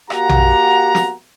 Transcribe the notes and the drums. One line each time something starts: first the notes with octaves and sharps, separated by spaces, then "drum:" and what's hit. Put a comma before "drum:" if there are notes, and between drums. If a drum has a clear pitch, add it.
A#3 F#4 G4 F#5 A#5, drum: rim click
drum: tom A#1
drum: snare